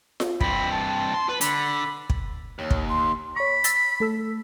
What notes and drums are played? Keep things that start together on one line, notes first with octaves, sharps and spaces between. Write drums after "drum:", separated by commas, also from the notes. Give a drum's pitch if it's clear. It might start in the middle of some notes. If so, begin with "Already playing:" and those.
drum: snare F4
G2 C4 B5, drum: kick
A5
C6
B4
D3 B5, drum: hi-hat
drum: kick
D#2 C#5
drum: kick
C6
C#5 B5 C#6
E6 A6, drum: hi-hat
B6
A3 A4 E6